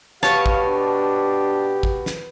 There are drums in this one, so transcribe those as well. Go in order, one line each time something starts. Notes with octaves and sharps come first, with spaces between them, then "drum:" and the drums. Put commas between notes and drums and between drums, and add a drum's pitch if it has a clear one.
B2 G4 C#5 F5 A5, drum: snare
drum: kick
D4
drum: kick
drum: snare